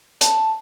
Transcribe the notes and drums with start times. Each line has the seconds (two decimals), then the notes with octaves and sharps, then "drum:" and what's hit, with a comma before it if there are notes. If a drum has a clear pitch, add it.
0.21 A5, drum: hi-hat